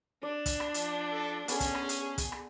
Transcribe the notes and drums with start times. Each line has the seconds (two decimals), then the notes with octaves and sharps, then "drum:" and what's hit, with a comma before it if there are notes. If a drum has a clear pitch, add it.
0.23 D4 D5
0.46 drum: kick, hi-hat
0.60 drum: rim click
0.74 F3, drum: hi-hat
1.12 A4
1.48 B3 C#4 G#4 A4, drum: hi-hat
1.60 drum: kick, hi-hat
1.75 drum: rim click
1.89 drum: hi-hat
2.18 drum: kick, hi-hat
2.32 drum: rim click